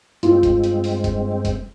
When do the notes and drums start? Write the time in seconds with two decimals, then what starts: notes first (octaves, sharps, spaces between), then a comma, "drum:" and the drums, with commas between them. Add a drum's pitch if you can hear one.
0.23 G2 G#3 C4 F4, drum: hi-hat
0.43 drum: kick F1, hi-hat
0.64 drum: hi-hat
0.84 drum: open hi-hat
1.04 drum: kick F1, hi-hat
1.45 drum: kick F1, hi-hat